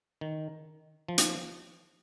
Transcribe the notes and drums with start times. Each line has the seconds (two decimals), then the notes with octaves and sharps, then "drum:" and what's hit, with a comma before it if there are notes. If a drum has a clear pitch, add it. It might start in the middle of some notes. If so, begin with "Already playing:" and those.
0.21 D#3
1.08 F3
1.18 drum: hi-hat